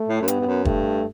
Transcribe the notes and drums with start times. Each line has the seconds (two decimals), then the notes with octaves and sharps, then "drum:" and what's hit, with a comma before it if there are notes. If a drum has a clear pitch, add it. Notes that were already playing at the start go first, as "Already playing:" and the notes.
Already playing: A3
0.08 A2
0.21 F#2
0.28 G2 B3, drum: hi-hat
0.41 G2
0.46 F#2
0.65 G2 A3, drum: kick